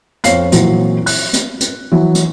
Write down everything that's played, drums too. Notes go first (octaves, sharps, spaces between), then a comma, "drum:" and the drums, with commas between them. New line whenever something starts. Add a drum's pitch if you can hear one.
F2 C4 C#5 F5 C7, drum: hi-hat
A#2 E3 F#3 C4, drum: hi-hat
F#6, drum: open hi-hat
drum: hi-hat
drum: hi-hat
E3 F#3
drum: hi-hat